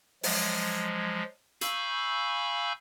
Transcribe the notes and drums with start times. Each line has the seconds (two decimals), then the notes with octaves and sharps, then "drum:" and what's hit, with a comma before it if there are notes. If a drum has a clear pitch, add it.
0.23 F3 F#3 G#3, drum: open hi-hat
1.61 F5 G#5 B5 C#6 E6 G6, drum: hi-hat